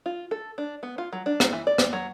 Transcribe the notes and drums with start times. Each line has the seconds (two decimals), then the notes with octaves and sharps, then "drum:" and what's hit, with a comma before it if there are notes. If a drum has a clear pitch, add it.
0.06 F4
0.31 A4
0.58 D4
0.83 B3
0.98 F4
1.13 F#3
1.26 D4
1.40 drum: rim click
1.53 E3
1.67 D5
1.78 drum: rim click
1.93 F#3